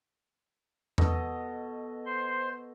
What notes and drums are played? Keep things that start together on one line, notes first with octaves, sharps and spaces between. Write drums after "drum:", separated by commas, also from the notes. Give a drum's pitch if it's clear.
B2 A4 D#5, drum: tom E2
C5 C6